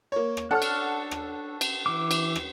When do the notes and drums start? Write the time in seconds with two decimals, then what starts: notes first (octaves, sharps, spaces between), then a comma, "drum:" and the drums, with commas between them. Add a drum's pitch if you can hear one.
0.12 A#3 C#5
0.37 drum: rim click
0.51 D4 A4 C#5 F#5 F6
0.62 drum: cymbal
1.11 drum: rim click
1.61 drum: cymbal
1.86 E3 D6
2.11 drum: cymbal
2.36 drum: rim click